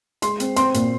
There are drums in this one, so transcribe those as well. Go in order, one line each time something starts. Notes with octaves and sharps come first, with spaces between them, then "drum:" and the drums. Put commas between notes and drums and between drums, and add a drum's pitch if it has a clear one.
G#3 C6, drum: hi-hat
C4, drum: hi-hat
C4 C6, drum: hi-hat
A#2, drum: hi-hat